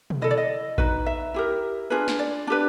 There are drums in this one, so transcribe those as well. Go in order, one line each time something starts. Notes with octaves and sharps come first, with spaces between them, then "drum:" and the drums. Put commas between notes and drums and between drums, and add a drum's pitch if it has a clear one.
drum: tom B2
E4 A4 D#5
D5
D#5
D#4 F#4 B4, drum: kick A#1
E5
E4 G4 A#4
D4 F4 G#4 B4
drum: snare
D5
D4 G4 B4